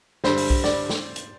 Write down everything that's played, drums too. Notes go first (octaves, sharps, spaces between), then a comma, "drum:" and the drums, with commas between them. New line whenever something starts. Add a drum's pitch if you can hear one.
G2 D3 G3 C5, drum: snare
drum: open hi-hat
drum: kick B1
D5, drum: snare
drum: snare
drum: hi-hat